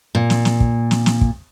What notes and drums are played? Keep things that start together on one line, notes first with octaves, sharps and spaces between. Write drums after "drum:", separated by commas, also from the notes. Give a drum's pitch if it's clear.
A#2
drum: snare
drum: snare
drum: kick
drum: snare
drum: snare
drum: kick